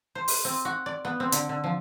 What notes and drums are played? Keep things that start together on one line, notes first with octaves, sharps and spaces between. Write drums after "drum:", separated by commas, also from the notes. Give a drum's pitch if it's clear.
C5
drum: open hi-hat
C4
F#4
D5
B3
C4
D3, drum: hi-hat
D3
F3